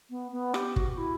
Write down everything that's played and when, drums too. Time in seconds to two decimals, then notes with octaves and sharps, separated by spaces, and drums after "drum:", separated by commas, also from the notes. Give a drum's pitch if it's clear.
0.10 B3
0.32 B3
0.54 G4, drum: rim click
0.76 F#4, drum: kick
0.98 E4